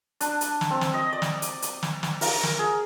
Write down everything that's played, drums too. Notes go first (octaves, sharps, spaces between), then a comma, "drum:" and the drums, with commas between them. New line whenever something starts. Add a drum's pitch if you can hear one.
D4, drum: hi-hat
drum: hi-hat
drum: snare
C4
drum: snare
D#5
D5
drum: snare
drum: hi-hat
drum: hi-hat
drum: snare
drum: snare
A#4, drum: open hi-hat
drum: snare
G#4